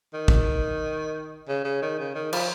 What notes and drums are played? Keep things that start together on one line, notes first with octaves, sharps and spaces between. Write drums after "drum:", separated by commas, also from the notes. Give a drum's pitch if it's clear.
D#3
drum: kick
C#3
C#3
D#3
C#3
D#3
F3, drum: cymbal